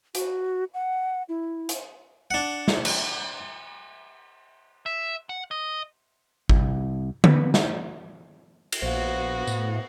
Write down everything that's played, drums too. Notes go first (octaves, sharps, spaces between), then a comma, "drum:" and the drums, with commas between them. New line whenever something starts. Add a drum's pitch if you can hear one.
F#4, drum: hi-hat
F#5
E4
drum: hi-hat
D4 F#5
drum: snare
drum: cymbal
E5
F#5
D#5
C2, drum: kick G#1
B3, drum: tom D3
drum: snare
drum: cymbal
A#1 B3 F#4 C5 F5
A2, drum: tambourine